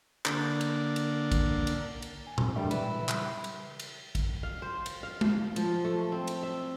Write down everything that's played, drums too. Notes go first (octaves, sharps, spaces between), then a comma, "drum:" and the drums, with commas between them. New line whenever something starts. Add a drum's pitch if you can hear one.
D3 A#3 D4, drum: clap
drum: cymbal
drum: cymbal
drum: kick, cymbal
drum: cymbal
drum: cymbal
G#5
drum: tom A#2
F2 G3 G#3 D4 A4 A#4 E5
C#3 E3 E4 B4, drum: cymbal
G3, drum: clap
drum: cymbal
drum: cymbal
drum: kick, cymbal
F5
C5
drum: cymbal
F5
drum: tom G#3
F3, drum: cymbal
A3
C4
drum: cymbal
E5